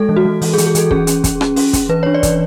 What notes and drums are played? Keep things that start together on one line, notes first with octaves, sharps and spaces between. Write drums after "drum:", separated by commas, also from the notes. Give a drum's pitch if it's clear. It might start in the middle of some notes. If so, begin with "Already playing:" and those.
Already playing: G#3 A4
E3
F#4
E3
E3, drum: open hi-hat
G#4
E3, drum: hi-hat
G#4
E3 A4, drum: hi-hat
C#4 G#4, drum: kick
C#4, drum: hi-hat
C#4, drum: kick, hi-hat
C#4, drum: rim click
C#4, drum: open hi-hat
C#4, drum: kick, hi-hat
E3 B4
D4 C#5
D5
E3, drum: kick, hi-hat